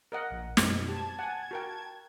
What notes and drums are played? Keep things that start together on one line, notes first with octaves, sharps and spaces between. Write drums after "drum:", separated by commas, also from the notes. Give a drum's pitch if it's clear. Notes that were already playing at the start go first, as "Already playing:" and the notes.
A#4 D#5 F#5
A#1
F#2 B2 C5, drum: snare
G4 A5 G#6
F#5 G#5
F#4 A#4 G5